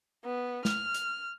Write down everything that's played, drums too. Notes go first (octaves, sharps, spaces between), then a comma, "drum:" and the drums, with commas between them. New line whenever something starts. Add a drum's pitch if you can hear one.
B3
F6, drum: snare
drum: hi-hat